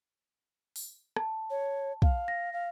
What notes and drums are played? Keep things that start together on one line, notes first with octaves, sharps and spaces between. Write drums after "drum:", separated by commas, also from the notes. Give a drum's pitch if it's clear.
drum: open hi-hat
A5, drum: rim click
C#5
F5, drum: kick
A#6
F5